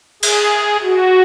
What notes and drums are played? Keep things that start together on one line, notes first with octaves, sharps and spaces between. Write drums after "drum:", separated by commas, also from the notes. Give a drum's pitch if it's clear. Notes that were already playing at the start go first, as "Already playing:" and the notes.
G#4, drum: cymbal
F#4